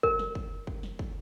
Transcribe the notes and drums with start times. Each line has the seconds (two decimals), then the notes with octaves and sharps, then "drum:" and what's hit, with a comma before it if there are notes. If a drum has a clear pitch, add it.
0.03 A#4, drum: kick
0.19 drum: snare
0.35 drum: kick
0.67 drum: kick
0.83 drum: snare
0.99 drum: kick